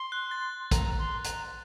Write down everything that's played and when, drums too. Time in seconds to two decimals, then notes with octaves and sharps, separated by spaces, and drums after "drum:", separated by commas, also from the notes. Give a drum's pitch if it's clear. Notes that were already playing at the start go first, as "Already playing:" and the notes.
Already playing: C6
0.12 F#6
0.31 A6
0.71 A#5, drum: kick, hi-hat
0.99 C6
1.24 A#5, drum: hi-hat